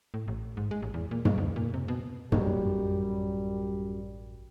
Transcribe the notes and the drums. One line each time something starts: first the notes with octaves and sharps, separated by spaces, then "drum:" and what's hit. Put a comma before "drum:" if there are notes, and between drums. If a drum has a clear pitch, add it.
A2
A1
G#2
G#3
A1
E2
A#2
G2, drum: tom
D2
A#2
C3
B2
A1 F#2 G3, drum: tom